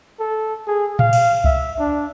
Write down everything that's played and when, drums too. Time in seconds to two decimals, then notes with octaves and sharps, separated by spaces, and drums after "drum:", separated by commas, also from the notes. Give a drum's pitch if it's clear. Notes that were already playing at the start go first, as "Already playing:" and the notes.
0.20 A4
0.67 G#4
0.99 F5, drum: tom A2
1.13 drum: cymbal
1.44 E5, drum: kick C2
1.79 D4